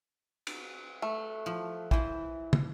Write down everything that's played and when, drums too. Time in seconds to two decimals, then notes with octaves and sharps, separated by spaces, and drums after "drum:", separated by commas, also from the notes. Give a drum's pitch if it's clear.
0.47 drum: cymbal
1.02 A3
1.46 F3
1.91 E3 E4 C5, drum: kick
2.53 drum: tom